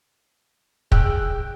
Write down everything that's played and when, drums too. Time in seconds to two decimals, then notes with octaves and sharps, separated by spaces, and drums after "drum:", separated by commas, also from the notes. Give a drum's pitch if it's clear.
0.92 G#4 G5 E6 F#6, drum: kick